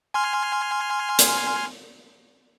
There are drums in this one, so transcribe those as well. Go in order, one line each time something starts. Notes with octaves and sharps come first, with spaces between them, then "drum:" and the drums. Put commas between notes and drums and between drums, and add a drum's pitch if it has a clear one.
G#5 C6 F6
drum: hi-hat